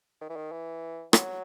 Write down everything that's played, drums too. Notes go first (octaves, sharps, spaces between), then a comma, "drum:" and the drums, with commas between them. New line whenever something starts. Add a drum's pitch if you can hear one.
D#3
E3
D#3
E3
F#3, drum: rim click